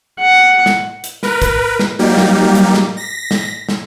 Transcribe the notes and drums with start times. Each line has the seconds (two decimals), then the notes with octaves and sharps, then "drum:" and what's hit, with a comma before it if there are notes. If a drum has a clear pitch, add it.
0.20 F#5
0.66 drum: snare
1.04 drum: hi-hat
1.23 A#4 B4, drum: snare
1.42 drum: kick, hi-hat
1.79 drum: snare
1.99 F#3 G3 A#3 D#4 G4
2.17 drum: snare
2.55 drum: hi-hat
2.74 drum: snare
2.97 A#6 B6
3.31 drum: snare
3.69 drum: snare